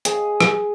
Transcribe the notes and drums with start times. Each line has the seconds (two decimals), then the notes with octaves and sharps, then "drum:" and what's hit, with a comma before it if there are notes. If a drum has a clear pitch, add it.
0.05 G#4, drum: hi-hat
0.41 drum: rim click